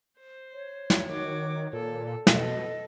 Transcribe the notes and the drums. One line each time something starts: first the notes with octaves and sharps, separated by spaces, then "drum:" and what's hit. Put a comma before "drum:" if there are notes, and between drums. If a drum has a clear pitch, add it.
C5
C#5
drum: snare
D#3 F#4 D6
A#2 A4
B2 A4 D#5, drum: snare